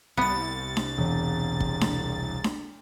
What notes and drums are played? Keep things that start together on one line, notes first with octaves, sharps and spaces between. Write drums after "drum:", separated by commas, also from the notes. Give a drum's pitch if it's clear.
C2 B3 A6 C#7
drum: snare D4
E1 E2
drum: kick
drum: snare D4
drum: snare D4